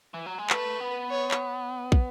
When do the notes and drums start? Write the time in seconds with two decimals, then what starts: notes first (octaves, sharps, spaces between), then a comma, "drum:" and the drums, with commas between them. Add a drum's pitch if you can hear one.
0.14 E3
0.26 F#3
0.39 G#3
0.50 A3 B4, drum: clap
0.80 B3
1.10 C#5
1.31 drum: clap
1.92 drum: kick